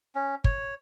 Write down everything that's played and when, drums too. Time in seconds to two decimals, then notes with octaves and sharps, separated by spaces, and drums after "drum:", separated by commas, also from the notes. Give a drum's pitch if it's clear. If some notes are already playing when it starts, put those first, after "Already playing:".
0.15 C#4
0.44 C#5, drum: kick